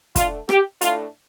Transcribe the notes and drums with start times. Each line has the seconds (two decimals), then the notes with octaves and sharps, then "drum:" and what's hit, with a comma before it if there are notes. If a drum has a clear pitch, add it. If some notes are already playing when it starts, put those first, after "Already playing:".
0.16 D3 A3 D4 F4, drum: kick, hi-hat
0.49 G4, drum: rim click
0.81 A2 A3 D4 F4, drum: hi-hat